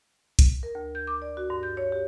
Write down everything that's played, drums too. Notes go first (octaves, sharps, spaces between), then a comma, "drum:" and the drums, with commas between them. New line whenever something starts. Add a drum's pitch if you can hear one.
drum: kick B1, hi-hat
A#4
D2
G6
D6
D5
F#4
G2
G6
C#5
G4